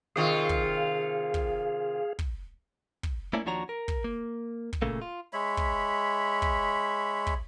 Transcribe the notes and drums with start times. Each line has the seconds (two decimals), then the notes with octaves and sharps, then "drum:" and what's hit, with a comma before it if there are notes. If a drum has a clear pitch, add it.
0.16 C3 D#3 F4 G#4 F5
0.49 drum: kick
1.34 drum: kick
2.19 drum: kick
3.03 drum: kick
3.33 A3 A#3 C#4 D4 E4 D5
3.46 D#2 F3 D4 F#4 C#5 A#5
3.69 A#4
3.88 drum: kick
4.04 A#3
4.73 drum: kick
4.82 A#2 C#3 A3 A#3
5.02 F4
5.33 G#3 C#5 E5 B5
5.57 drum: kick
6.42 drum: kick
7.27 drum: kick